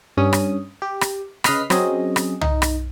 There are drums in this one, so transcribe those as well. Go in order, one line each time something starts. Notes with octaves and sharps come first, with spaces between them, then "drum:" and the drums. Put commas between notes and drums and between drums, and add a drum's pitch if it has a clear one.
G2 C#4 D#6
drum: rim click
G4
drum: rim click
C#3 B4 D#5 F6 B6 C7, drum: rim click
F#3 C4 C#4 G#4 D#5, drum: rim click
drum: rim click
D#4, drum: tom
drum: rim click